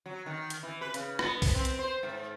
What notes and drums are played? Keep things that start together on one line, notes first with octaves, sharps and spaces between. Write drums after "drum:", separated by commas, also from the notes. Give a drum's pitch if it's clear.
F#3
D#3
drum: hi-hat
E3
B4
C#3, drum: hi-hat
B3, drum: rim click
drum: kick B1, open hi-hat
C4
drum: hi-hat
C5
G#2